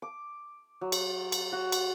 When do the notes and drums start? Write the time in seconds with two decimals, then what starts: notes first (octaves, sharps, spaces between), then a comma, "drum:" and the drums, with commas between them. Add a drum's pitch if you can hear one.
0.02 D6
0.81 F#3
0.92 drum: cymbal
1.32 drum: cymbal
1.52 F#4
1.72 drum: cymbal